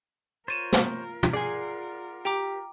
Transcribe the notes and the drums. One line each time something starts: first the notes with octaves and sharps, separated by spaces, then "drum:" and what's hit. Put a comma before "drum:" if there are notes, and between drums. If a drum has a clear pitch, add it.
F4 A#4 C5 C#5 A6 D#7 E7
drum: snare
drum: tom
G#4 D5 F#5 G#5 C6
G4 G5 A#5 D6